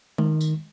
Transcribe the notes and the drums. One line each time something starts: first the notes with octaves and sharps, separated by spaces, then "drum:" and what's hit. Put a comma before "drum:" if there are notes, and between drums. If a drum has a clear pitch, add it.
D#3, drum: tom G#3
drum: tambourine